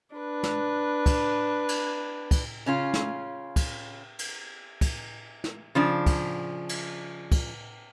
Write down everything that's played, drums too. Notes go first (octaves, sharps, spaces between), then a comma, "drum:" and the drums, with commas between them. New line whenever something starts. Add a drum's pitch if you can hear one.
D4 B4
drum: snare
drum: kick, cymbal
drum: cymbal
drum: kick, cymbal
C#3 C#4 F4
drum: snare
drum: kick, cymbal
drum: cymbal
drum: kick, cymbal
drum: snare
C#3 F3 D4
drum: kick, cymbal
drum: cymbal
drum: kick, cymbal